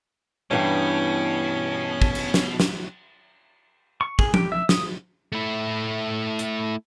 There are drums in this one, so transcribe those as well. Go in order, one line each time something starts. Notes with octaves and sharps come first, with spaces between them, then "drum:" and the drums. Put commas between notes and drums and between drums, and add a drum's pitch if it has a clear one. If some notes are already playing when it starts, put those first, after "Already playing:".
G2 B2 E3 C#4 G5
drum: kick
drum: cymbal
drum: snare
drum: snare
C#6
G#4, drum: kick
G4, drum: tom F3
E5
D#6, drum: snare
A3 E4
drum: hi-hat